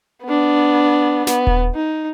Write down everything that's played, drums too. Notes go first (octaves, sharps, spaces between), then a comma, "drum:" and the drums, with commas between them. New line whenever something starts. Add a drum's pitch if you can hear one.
B3 D4
B3, drum: snare
drum: kick D#1
D#4